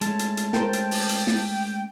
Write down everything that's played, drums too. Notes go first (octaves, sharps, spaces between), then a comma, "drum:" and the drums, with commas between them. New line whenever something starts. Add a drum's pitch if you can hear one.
G#3 A3 C#4 A5, drum: hi-hat
drum: hi-hat
drum: hi-hat
A#4 C5 G5, drum: snare
drum: hi-hat
drum: open hi-hat
drum: hi-hat
drum: snare